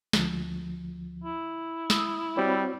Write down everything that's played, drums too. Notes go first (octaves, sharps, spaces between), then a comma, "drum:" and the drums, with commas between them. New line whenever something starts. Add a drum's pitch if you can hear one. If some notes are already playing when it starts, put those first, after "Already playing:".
D2 F3, drum: snare
E4
D#6 E6, drum: snare
G3 C4 F#4 C#5